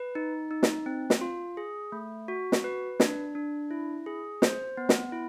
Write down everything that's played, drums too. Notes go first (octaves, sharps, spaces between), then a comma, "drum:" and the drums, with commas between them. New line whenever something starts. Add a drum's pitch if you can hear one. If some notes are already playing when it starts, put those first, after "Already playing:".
Already playing: B4
D#4
D#4
drum: snare
C4
drum: snare
F4
G#4
A3
F#4
drum: snare
B4
D4, drum: snare
D4
E4
G#4
C5, drum: snare
B3
drum: snare
E4